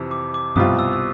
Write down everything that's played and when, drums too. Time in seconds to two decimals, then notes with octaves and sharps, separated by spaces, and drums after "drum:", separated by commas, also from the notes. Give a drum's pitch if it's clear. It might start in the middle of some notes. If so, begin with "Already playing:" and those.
Already playing: F2 C3 E3
0.11 D6
0.34 D6
0.56 C2 B2 G3 C4 F4 D#6, drum: tom G2
0.79 E6
0.93 E6